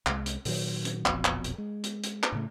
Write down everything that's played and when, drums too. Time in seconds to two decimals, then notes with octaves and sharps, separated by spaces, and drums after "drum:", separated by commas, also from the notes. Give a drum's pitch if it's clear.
0.06 C2 G#3, drum: clap
0.26 drum: hi-hat
0.45 A#2 D#3 F#3, drum: open hi-hat
0.85 drum: hi-hat
1.06 E1 A#1 F2 B2, drum: clap
1.25 drum: clap
1.44 drum: hi-hat
1.58 G#3
1.84 drum: hi-hat
2.04 drum: hi-hat
2.23 drum: clap
2.32 A2 C#3 A3